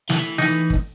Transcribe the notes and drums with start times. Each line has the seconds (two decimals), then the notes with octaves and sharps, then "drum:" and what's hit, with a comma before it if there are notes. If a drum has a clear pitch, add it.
0.10 E3, drum: snare
0.38 D#4, drum: snare
0.70 drum: kick